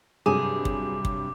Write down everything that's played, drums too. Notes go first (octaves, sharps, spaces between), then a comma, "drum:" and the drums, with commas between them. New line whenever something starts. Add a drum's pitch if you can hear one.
G2 C3 F#3 G#4 D6
drum: kick
drum: kick